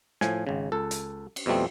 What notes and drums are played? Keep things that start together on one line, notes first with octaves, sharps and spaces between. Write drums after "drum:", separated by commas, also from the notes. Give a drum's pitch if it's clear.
A2 F3 G#5, drum: snare
G#1 C#3
C#2 A4
drum: hi-hat
drum: cymbal
F2 B2 G3 A3 C4